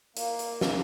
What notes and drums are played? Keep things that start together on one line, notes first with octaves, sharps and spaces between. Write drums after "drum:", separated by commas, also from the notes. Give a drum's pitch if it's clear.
A#3, drum: hi-hat
drum: hi-hat
drum: snare